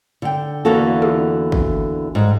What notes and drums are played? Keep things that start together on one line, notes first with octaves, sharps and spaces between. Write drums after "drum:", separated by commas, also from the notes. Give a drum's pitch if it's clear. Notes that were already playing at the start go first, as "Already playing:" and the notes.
D3 G5
E2 D3 E3 A#3 F#4 A4
drum: tom
drum: kick
G#2 G3